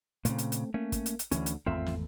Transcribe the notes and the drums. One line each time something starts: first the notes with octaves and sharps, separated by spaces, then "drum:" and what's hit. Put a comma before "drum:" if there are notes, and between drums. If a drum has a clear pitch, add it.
A#2 C#3 A3 B3 C4, drum: hi-hat
drum: hi-hat
drum: hi-hat
A3 A#3 C#4
drum: kick, hi-hat
drum: hi-hat
drum: hi-hat
D2 D3 E3 C#4, drum: hi-hat
drum: hi-hat
G#1 E2 A3 C4 F4 E5
drum: snare